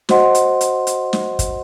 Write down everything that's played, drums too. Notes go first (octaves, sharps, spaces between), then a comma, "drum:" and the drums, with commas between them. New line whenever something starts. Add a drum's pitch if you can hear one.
F#4 C5 D#5 F#5 C6, drum: snare
drum: hi-hat
drum: hi-hat
drum: hi-hat
drum: snare
drum: kick, hi-hat